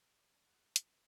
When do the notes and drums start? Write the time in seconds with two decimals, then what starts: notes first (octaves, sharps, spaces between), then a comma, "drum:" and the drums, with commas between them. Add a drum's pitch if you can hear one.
0.17 D6
0.33 D4
0.44 F#5
0.76 A#5, drum: hi-hat